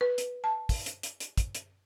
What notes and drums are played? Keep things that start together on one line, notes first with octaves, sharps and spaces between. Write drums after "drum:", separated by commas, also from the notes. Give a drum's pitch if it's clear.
B4
drum: hi-hat
A5
drum: kick, open hi-hat
drum: hi-hat
drum: hi-hat
drum: hi-hat
drum: kick, hi-hat
drum: hi-hat